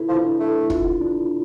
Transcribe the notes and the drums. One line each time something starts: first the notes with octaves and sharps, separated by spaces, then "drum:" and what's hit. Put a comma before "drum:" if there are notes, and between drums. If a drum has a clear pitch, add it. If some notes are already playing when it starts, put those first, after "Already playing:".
Already playing: E4 A4 B4
F3
D4
A3
F4, drum: kick
D4